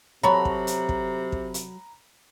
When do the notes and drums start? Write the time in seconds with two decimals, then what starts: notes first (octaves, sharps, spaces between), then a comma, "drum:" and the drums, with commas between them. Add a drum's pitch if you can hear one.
0.23 C3 F#3 A4 C#5 A#5 B5
0.45 drum: kick
0.67 drum: hi-hat
0.89 drum: kick
1.32 drum: kick
1.54 drum: hi-hat